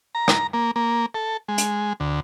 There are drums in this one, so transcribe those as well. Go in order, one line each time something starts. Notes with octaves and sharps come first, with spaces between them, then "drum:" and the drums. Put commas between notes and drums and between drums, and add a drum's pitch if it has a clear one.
A#5
drum: rim click
A#3
A#3
A4
G#3
drum: hi-hat
D2